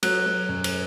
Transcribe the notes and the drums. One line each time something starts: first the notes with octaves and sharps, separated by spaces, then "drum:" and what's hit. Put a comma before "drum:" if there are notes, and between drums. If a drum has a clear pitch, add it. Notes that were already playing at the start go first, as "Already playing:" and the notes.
F#3 F#6, drum: cymbal
F#3
F#2
drum: cymbal